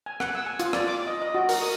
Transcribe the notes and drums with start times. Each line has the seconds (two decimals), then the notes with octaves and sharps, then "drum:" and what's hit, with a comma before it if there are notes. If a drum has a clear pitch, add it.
0.06 G#5
0.20 F#5, drum: rim click
0.35 E6
0.46 G#5
0.60 F4, drum: hi-hat
0.73 D5, drum: rim click
0.88 D6
1.07 D#5
1.22 D#5
1.35 F#4
1.49 A#4, drum: open hi-hat
1.62 D#6